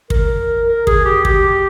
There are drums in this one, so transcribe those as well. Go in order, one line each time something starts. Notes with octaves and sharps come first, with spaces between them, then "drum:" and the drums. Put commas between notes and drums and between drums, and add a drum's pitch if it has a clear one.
A#4, drum: kick
A#4
G#4, drum: kick
G4
G4, drum: kick